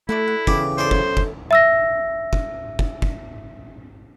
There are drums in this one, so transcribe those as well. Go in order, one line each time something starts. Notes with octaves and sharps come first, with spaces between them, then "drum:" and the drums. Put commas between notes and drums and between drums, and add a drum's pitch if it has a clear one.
A3 E4 F#4 A4 D5
F#5
C#3 E3 B3 G4, drum: kick
C#4 E4 G#4 A4 C5 D5
F#2 E4 C#5, drum: kick
drum: kick
E5 E6 A#6
drum: kick
drum: kick
drum: kick